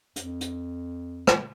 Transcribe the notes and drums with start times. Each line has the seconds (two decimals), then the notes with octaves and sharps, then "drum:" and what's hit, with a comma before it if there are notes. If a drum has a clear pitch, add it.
0.16 F2, drum: hi-hat
0.41 drum: hi-hat
1.27 drum: rim click